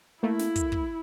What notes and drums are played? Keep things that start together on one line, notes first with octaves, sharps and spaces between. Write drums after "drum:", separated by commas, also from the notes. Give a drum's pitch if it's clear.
A3 A#3 E4
drum: snare
drum: kick, hi-hat
drum: kick